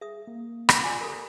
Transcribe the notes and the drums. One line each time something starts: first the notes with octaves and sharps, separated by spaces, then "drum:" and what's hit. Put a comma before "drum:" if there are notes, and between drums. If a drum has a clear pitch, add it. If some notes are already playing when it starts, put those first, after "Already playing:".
G#4 E5 D#6
A#3
drum: rim click
F4 D5 G#5 D6
G4 A4 A#4 A#5 D#6